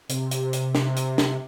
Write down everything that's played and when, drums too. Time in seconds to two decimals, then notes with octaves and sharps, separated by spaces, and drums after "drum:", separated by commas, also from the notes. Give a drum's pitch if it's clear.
0.09 C3, drum: hi-hat
0.31 drum: hi-hat
0.53 drum: hi-hat
0.75 drum: snare
0.96 drum: hi-hat
1.18 drum: snare